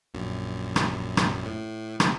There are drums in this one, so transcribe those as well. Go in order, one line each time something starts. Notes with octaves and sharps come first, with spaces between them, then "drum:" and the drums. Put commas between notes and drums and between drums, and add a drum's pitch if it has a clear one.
A#1 F#2
drum: rim click
drum: rim click
A2
drum: rim click